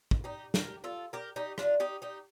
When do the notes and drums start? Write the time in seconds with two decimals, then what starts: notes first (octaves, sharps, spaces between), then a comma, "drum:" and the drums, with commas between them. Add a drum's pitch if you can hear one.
0.11 drum: kick
0.24 D#4 G4
0.54 G4 A#4, drum: snare
0.84 F4 A4
1.13 G4 A#4
1.36 D#4 G4
1.58 D4 F4, drum: rim click
1.80 D#4 G4
2.02 D#4 G4